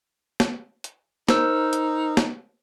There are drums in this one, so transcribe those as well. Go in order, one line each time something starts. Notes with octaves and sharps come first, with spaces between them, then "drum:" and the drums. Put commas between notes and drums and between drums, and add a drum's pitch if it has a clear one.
drum: snare
drum: hi-hat
D#4 A#4 C5 E6, drum: snare
drum: hi-hat
drum: snare